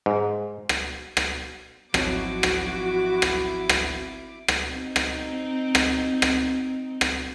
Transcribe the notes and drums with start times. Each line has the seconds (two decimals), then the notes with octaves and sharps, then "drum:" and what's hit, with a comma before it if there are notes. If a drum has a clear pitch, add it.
0.06 G#2
0.69 drum: rim click
1.17 drum: rim click
1.94 G#1 F3 F#3 C4 D#4 E4 F#4 D6, drum: rim click
2.43 drum: rim click
3.22 drum: rim click
3.69 drum: rim click
4.48 drum: rim click
4.72 C4 D#4
4.96 drum: rim click
5.75 drum: rim click
6.22 drum: rim click
7.01 drum: rim click